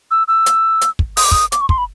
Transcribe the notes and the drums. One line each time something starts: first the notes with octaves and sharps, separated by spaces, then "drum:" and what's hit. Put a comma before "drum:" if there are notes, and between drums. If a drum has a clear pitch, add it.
E6
E6
drum: hi-hat
drum: hi-hat
drum: kick
D#6, drum: open hi-hat
D6
D#6, drum: kick
D6, drum: hi-hat
C#6
C6, drum: kick
B5